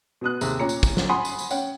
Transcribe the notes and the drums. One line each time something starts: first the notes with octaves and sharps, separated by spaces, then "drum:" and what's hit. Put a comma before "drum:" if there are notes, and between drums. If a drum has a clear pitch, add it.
B2 B3 D#6 F#6
D#2 C3 G#4, drum: tambourine
A#2 C#4 A#5 C#7
drum: tambourine
drum: kick, tambourine
drum: snare
F#5 G#5 B5 C6 D#6
drum: tambourine
drum: tambourine
C#4 F#5 G5, drum: tambourine